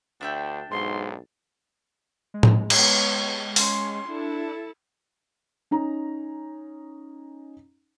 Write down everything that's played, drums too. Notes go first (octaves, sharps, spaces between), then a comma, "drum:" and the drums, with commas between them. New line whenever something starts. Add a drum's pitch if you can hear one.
D2 D4 E5 G5
B1 G#2 C6
G#3
drum: tom A2
B3 C#5, drum: cymbal
C#4 C6, drum: open hi-hat
D4 E4 A4
C#4 D#4 A#5